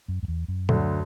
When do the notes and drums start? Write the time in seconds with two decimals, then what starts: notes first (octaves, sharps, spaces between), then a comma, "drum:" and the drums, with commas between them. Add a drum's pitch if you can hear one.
0.08 F#2
0.23 F#2
0.28 E2
0.48 F#2
0.69 D2 D3 F#3, drum: tom A#2